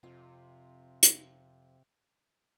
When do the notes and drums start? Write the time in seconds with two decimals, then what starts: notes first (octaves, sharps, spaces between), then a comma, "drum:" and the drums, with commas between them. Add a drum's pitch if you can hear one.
0.03 F2 C3 F4
1.03 drum: hi-hat